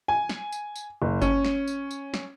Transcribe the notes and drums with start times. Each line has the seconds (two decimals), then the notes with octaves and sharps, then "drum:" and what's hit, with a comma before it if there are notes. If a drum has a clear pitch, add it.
0.08 G#5
0.29 drum: snare
0.52 drum: tambourine
0.75 drum: tambourine
1.02 F#1
1.22 C#4, drum: kick G1, tambourine
1.45 drum: snare
1.68 drum: tambourine
1.91 drum: tambourine
2.14 drum: snare